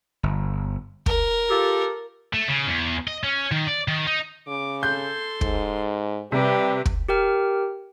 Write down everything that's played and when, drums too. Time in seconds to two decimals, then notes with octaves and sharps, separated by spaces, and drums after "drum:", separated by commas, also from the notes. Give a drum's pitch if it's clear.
0.23 G1
1.06 A#4, drum: kick
1.50 F4 G4 A4
2.34 A3
2.48 C#3
2.67 E2
3.08 D#5
3.24 C#4
3.51 D#3
3.67 D5
3.88 D#3
4.07 D#4
4.47 C#3 D6
4.83 A4 C6 G6
5.41 G#2, drum: kick
6.32 C3 G3 G4 B4
6.85 drum: kick
7.09 G4 A#4 G5 F6